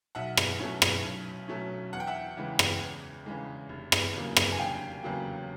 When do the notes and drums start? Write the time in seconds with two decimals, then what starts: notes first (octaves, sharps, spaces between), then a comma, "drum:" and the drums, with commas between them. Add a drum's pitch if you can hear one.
0.15 B1 E5 F#5
0.37 drum: rim click
0.60 B2 F#3 A3 C#4
0.82 drum: rim click
1.04 B1
1.48 B2 F#3 A3 C#4
1.93 E2 F#5
2.00 G5
2.07 E5 F#5
2.37 C#3 E3 G#3
2.59 drum: rim click
2.81 E2
3.26 C#3 E3 G#3
3.69 F1
3.92 drum: rim click
4.14 E2 C#3 F#3 A#3
4.36 drum: rim click
4.52 G#5
4.59 F1 F5 G5
5.03 E2 C#3 F#3 A#3